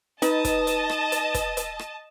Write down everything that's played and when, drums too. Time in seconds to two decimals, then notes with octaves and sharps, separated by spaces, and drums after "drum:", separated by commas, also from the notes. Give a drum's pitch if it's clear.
0.22 D#4 B4 D#5 A5, drum: hi-hat
0.45 drum: kick, hi-hat
0.67 drum: hi-hat
0.89 drum: rim click
1.12 drum: hi-hat
1.34 drum: kick, hi-hat
1.57 drum: hi-hat
1.79 drum: rim click